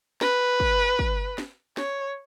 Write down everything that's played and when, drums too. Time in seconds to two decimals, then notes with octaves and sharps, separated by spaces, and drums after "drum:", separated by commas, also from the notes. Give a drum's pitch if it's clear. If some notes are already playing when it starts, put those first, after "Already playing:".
0.21 B4, drum: snare
0.60 drum: kick
0.99 drum: kick
1.38 drum: snare
1.77 C#5, drum: snare